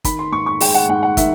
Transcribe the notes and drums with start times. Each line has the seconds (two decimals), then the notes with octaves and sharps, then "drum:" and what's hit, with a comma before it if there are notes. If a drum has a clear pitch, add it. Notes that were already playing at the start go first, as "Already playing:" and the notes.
0.04 D#3 B5, drum: kick, hi-hat
0.19 C6
0.32 G#2 C#6
0.46 C#6
0.61 G#3 G5, drum: open hi-hat
0.75 F#5
0.89 G#2 F#5
1.03 F#5
1.17 D#3 E5, drum: kick, hi-hat